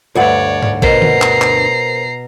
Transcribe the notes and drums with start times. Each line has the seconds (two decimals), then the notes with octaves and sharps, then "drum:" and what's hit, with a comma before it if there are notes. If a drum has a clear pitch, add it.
0.15 D2 G2 C#5 D5 F#5
0.63 drum: tom G#2
0.82 B2 A#4 C5 A#5 C7, drum: kick A1
1.02 drum: tom
1.22 drum: clap
1.41 drum: clap